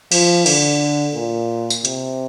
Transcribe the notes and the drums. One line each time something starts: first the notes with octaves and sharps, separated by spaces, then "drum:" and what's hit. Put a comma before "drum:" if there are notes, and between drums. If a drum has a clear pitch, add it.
F3, drum: cymbal
D3, drum: cymbal
A#2
drum: tambourine
C3, drum: hi-hat